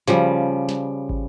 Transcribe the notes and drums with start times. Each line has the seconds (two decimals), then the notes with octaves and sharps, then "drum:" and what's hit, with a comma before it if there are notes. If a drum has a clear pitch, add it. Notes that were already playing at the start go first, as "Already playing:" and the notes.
0.07 C#3 F3 G3, drum: snare
0.69 drum: snare
1.09 drum: kick